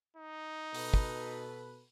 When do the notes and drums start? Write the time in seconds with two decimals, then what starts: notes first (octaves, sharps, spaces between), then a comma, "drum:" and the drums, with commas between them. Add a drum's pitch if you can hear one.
0.16 D#4
0.74 B2 A4 B4, drum: open hi-hat
0.94 drum: kick